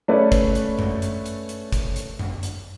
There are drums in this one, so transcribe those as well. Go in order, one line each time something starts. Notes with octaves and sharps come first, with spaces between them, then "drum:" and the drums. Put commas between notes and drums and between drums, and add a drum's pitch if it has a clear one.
A3 C#4 B4 D5
drum: kick, hi-hat
drum: hi-hat
drum: tom F#2
drum: hi-hat
drum: hi-hat
drum: hi-hat
drum: kick, hi-hat
drum: hi-hat
drum: tom F#2
drum: hi-hat